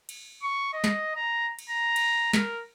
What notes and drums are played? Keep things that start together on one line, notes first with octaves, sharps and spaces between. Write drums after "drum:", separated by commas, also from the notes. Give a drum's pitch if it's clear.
drum: cymbal
C#6
D#5
drum: snare
A#5
drum: cymbal
A#5
drum: cymbal
A#4, drum: snare